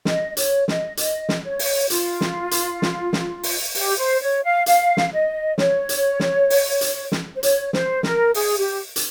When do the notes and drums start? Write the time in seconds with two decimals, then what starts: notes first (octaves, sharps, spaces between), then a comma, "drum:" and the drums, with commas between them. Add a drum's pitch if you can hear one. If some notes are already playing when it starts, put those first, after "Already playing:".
0.05 D#5, drum: snare
0.37 C#5, drum: hi-hat
0.68 D#5, drum: snare
0.97 D#5, drum: hi-hat
1.29 drum: snare
1.44 C#5
1.59 drum: open hi-hat
1.90 F4, drum: hi-hat
2.21 drum: snare
2.51 drum: hi-hat
2.82 drum: snare
3.13 drum: snare
3.43 drum: open hi-hat
3.75 G4, drum: open hi-hat
3.97 C5
4.21 C#5
4.43 F5
4.66 F5, drum: hi-hat
4.97 drum: snare
5.12 D#5
5.58 C#5, drum: snare
5.89 drum: hi-hat
6.20 drum: snare
6.50 drum: open hi-hat
6.81 drum: hi-hat
7.12 drum: snare
7.36 C5
7.43 C#5, drum: hi-hat
7.73 C5, drum: snare
8.03 A#4, drum: snare
8.34 G#4, drum: open hi-hat
8.57 G4
8.96 drum: hi-hat